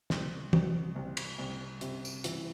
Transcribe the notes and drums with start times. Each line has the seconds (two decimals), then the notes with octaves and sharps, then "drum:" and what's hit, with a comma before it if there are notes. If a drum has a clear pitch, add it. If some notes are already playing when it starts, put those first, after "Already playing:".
0.10 C2, drum: snare
0.53 C2, drum: tom
0.96 C2
1.17 drum: cymbal
1.38 C2
1.81 C3, drum: hi-hat
2.05 drum: tambourine
2.24 E3, drum: hi-hat